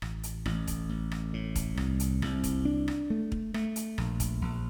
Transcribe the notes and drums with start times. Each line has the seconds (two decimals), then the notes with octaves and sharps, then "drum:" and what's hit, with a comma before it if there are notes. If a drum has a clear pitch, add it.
0.02 A1, drum: rim click
0.23 drum: hi-hat
0.46 A1, drum: rim click
0.67 drum: kick, hi-hat
0.89 A1
1.12 drum: rim click
1.33 A2
1.56 drum: kick, hi-hat
1.77 C2, drum: rim click
2.00 drum: hi-hat
2.22 C2, drum: rim click
2.44 drum: kick, hi-hat
2.65 D4
2.88 drum: rim click
3.10 A3
3.32 drum: kick
3.54 A3, drum: rim click
3.76 drum: hi-hat
3.98 A#1, drum: rim click
4.20 drum: kick, hi-hat
4.41 A#1